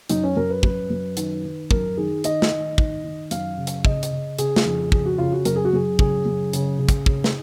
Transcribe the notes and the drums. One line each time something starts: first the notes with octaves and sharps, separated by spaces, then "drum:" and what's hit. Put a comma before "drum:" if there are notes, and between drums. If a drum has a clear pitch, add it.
F#2 D#4, drum: hi-hat
C#4
F#2 A#4
B4
F#2 B4, drum: kick
F#2
D#3, drum: hi-hat
D#3
F#2 A#4, drum: kick
D#3 G#4
D#3 D#5, drum: hi-hat
drum: snare
D#3
D#3, drum: kick
D#3
F#2 F5, drum: hi-hat
C#3
drum: hi-hat
C#3 D#5, drum: kick
drum: hi-hat
C#3
C#3 G#4, drum: hi-hat
drum: snare
F2
C#3 G#4, drum: kick
F#4
C#3 F4
F#4
F#2 A#4, drum: hi-hat
G#4
F#4
F#2 G#4
C#3 G#4, drum: kick
F#2
C#3, drum: hi-hat
C#3
drum: kick, hi-hat
C#3, drum: kick
drum: snare